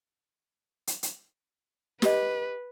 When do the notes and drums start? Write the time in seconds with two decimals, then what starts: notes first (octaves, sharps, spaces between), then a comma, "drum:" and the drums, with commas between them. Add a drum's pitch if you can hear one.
0.87 drum: hi-hat
1.03 drum: hi-hat
2.02 G4 B4 D#5, drum: snare